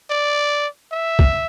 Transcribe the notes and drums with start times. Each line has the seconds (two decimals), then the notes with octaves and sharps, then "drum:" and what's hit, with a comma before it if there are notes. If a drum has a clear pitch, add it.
0.11 D5
0.92 E5
1.19 drum: kick